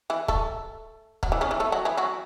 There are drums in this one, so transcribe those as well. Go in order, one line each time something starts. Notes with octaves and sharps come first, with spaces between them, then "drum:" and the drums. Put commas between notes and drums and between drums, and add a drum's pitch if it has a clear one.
E3 E4
A3 A4, drum: kick
F#3 F#4, drum: kick
E3 E4
C#3 C#4
E3 E4
A3 A4
F#3 F#4
E3 E4
F#3 F#4